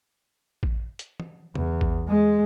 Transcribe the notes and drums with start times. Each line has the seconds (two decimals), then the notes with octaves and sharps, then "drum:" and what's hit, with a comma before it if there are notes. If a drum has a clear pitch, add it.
0.63 drum: kick A1
0.99 drum: hi-hat
1.20 drum: tom
1.55 E2, drum: tom
1.81 drum: kick A1
2.08 G#3